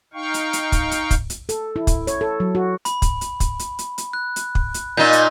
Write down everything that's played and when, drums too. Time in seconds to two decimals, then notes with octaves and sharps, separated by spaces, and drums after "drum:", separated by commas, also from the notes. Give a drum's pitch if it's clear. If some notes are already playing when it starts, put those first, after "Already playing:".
0.14 D#4 F5 G5 C#6
0.34 drum: hi-hat
0.53 drum: hi-hat
0.72 drum: kick, hi-hat
0.91 drum: hi-hat
1.11 drum: kick, hi-hat
1.30 drum: hi-hat
1.49 A4, drum: hi-hat
1.76 E4
1.87 drum: kick, hi-hat
2.07 C#5, drum: hi-hat
2.21 A4
2.40 F#3
2.55 F#4
2.85 B5, drum: hi-hat
3.02 drum: kick, hi-hat
3.21 drum: hi-hat
3.40 drum: kick, hi-hat
3.59 drum: hi-hat
3.79 drum: hi-hat
3.98 drum: hi-hat
4.13 F#6
4.36 drum: hi-hat
4.55 drum: kick
4.74 drum: hi-hat
4.97 A#2 D#4 G6
5.13 drum: hi-hat